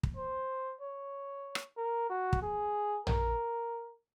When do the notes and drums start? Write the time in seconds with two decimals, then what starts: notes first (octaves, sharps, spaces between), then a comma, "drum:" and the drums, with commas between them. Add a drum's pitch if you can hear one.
0.03 drum: kick
0.16 C5
0.81 C#5
1.55 drum: rim click
1.77 A#4
2.10 F#4
2.33 drum: kick
2.42 G#4
3.07 A#4, drum: tom A#1